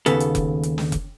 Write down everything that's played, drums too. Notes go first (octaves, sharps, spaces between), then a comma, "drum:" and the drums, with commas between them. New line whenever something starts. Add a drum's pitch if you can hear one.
D#2 C#3 B3 A4, drum: hi-hat
drum: hi-hat
drum: kick F1, hi-hat
drum: hi-hat
drum: snare
drum: kick F1, hi-hat